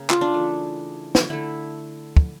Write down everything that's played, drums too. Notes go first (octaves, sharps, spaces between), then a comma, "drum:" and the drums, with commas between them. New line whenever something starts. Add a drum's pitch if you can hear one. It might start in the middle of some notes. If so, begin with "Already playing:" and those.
Already playing: C#3 A#3
F4, drum: clap
D4
E3 A3
drum: snare
D3 A3 E4
drum: kick